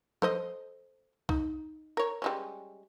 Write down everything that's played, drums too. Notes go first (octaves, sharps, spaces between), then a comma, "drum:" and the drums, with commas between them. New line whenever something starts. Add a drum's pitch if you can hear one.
A4 C5 D#5, drum: tom F3
D#4, drum: kick B1
A#4 C#5
G3 G#3 C#4